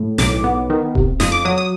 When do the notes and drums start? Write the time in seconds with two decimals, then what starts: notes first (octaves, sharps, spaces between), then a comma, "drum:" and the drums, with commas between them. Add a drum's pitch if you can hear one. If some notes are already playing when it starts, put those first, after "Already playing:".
Already playing: A2
0.18 B1 D6, drum: snare
0.44 B3
0.70 D#3
0.95 C3, drum: kick D#1
1.20 F2 D#6, drum: snare
1.32 D6
1.45 F#3 D#6
1.58 D#6